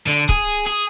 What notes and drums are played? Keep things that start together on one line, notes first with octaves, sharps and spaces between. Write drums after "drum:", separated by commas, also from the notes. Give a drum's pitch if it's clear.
D3
G#4, drum: kick
G#4